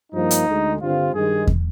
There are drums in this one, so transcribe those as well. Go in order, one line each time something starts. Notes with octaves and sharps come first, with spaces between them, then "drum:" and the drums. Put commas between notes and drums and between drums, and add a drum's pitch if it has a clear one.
G2 F3 A#3 D#4
drum: hi-hat
D2 D3 G#3
G2 D3 G3 C4 F4
G2 D#3 G#3 G#4
drum: kick E2